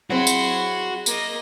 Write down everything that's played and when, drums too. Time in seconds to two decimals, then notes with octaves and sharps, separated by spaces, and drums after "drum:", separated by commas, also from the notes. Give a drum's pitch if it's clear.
0.10 F#3 C4 E4 F#4 G#4 C6
0.27 drum: tambourine
1.06 A#3 D#5, drum: tambourine